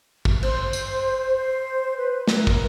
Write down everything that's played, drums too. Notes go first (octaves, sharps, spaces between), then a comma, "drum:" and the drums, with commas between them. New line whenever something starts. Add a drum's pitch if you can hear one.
drum: kick
C5, drum: cymbal
drum: tambourine
C5
B4
A#4, drum: snare
drum: kick